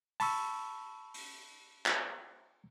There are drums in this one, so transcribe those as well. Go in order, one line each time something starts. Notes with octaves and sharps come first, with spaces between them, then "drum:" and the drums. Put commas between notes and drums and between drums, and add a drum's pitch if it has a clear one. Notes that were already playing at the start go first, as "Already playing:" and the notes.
A5 B5 C#6 E6, drum: open hi-hat
drum: open hi-hat
drum: clap